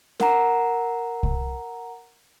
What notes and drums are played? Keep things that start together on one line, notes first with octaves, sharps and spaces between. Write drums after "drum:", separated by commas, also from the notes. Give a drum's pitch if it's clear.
A#4 F#5 A#5, drum: snare
drum: kick C2